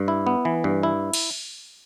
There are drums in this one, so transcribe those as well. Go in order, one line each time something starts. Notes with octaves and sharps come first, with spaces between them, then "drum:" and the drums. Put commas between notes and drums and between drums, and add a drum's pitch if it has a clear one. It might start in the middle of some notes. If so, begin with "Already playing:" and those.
Already playing: G2
E4
B3
E3
G2
E4
drum: cymbal